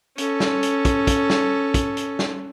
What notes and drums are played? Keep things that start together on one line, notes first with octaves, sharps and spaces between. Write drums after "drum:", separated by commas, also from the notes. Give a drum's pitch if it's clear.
C#4 A4, drum: hi-hat
drum: snare
drum: hi-hat
drum: kick, hi-hat
drum: kick, hi-hat
drum: snare
drum: kick, hi-hat
drum: hi-hat
drum: snare